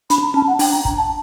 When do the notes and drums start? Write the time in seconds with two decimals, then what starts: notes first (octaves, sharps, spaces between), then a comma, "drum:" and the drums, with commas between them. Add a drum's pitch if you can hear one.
0.10 D4 B5, drum: hi-hat
0.23 A#5
0.34 C#4 A5
0.47 F#5
0.59 D4 G5, drum: open hi-hat
0.72 A#5
0.85 A#5, drum: kick
0.97 A5